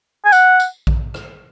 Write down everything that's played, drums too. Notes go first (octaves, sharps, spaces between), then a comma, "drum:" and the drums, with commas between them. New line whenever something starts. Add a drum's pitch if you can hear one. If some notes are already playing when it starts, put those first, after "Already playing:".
G#5
F#5, drum: tambourine
drum: tambourine
drum: kick A#1
drum: rim click